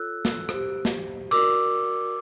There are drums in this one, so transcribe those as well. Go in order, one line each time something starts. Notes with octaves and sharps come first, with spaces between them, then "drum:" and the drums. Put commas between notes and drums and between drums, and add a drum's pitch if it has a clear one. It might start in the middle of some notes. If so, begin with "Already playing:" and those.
Already playing: F4 A4 C#5 E6 F#6
drum: snare
G4 C5, drum: rim click
drum: snare
F#4 A#4 D5 D6 E6, drum: cymbal